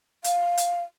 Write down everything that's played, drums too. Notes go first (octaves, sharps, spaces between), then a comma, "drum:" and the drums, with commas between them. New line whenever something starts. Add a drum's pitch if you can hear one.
F5, drum: hi-hat
drum: hi-hat